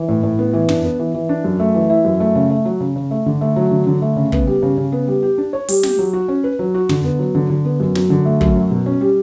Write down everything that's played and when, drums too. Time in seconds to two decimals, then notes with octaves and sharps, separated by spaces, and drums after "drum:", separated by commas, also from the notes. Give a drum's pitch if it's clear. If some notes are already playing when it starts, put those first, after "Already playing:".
Already playing: E3
0.08 A2
0.23 A2
0.39 B3
0.53 E3
0.69 D4, drum: tom
0.84 B3
0.99 E3
1.14 E3
1.29 D4
1.44 F#2
1.60 A3
1.74 E3
1.90 E4
2.05 F#2
2.20 A3
2.35 C#3
2.50 A3
2.65 F#3
2.80 C#3
2.96 C#3
3.11 A3
3.26 D3
3.41 A3
3.56 F#3
3.71 D3
3.87 D3
4.02 A3
4.16 C#3
4.32 B3, drum: kick
4.47 G3
4.62 C#3
4.77 C#3
4.92 B3
5.08 G3
5.23 G4
5.38 D4
5.53 C#5
5.69 G3, drum: open hi-hat
5.83 G4, drum: snare
5.98 F#3
6.13 F#4
6.28 C#4
6.44 B4
6.59 F#3
6.74 F#4
6.89 D3, drum: tom
7.04 B3
7.19 F#3
7.35 D3
7.50 D3
7.65 B3
7.80 F#2
7.95 F#3, drum: snare
8.10 D3
8.25 A3
8.41 F#2, drum: kick
8.56 F#3
8.71 B2
8.86 C#4
9.01 G3